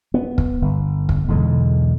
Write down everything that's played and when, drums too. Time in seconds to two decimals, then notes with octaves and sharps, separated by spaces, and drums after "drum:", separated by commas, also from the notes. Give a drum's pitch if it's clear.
0.14 B3
0.38 drum: kick
0.62 G1
1.09 drum: kick
1.28 B1 E2 D3 G#3